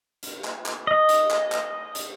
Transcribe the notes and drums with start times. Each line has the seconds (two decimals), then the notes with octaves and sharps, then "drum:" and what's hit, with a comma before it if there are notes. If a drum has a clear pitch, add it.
0.23 drum: hi-hat
0.44 drum: clap
0.66 drum: clap
0.87 D#5
1.09 drum: hi-hat
1.30 drum: clap
1.52 drum: clap
1.95 drum: hi-hat